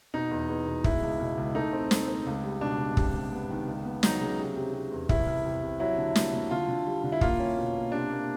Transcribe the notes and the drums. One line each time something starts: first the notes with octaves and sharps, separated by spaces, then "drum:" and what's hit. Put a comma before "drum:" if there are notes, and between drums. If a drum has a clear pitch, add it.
B2 D#4
E2
E2
B2
G#3 E4, drum: kick
C#2
B2
C#2
A3 D#4
C4
C4, drum: snare
C4
C#2
G3
B2 D4
C#2
C3, drum: kick
C3
B3
D#3
C#2
B3
F#3 D#4, drum: snare
C#3
C3
C3
C3
E2
C2 E4, drum: kick
C2
C3
C3
F#3 E4
D3
A#3, drum: snare
D3
D3 F4
D3
G3
D3
E4
A#3 F4, drum: kick
C#4
B2
A#3
C3 D4
A#3